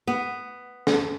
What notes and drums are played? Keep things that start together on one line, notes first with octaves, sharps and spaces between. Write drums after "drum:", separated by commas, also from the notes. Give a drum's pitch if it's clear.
B3
drum: snare